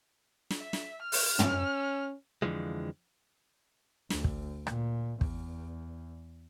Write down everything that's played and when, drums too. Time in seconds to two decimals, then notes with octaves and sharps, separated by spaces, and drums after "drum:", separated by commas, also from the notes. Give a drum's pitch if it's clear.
0.50 drum: snare
0.60 E5
0.73 drum: snare
1.02 F6
1.12 drum: open hi-hat
1.39 C#4, drum: tom
2.42 F2 D3 E3 F3 G#3
4.10 D2, drum: snare
4.24 drum: kick
4.67 A#2, drum: rim click
5.21 E2, drum: kick